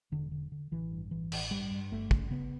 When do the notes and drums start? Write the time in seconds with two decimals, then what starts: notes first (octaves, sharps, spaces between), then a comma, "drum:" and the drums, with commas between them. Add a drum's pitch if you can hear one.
0.12 E1 D3
0.32 D3
0.52 D3
0.72 A1 E3
0.91 G2
1.11 A1 E3
1.32 A1, drum: cymbal
1.51 G2 G3
1.71 G2
1.91 G1 A3
2.11 C#3, drum: kick
2.31 C#3 B3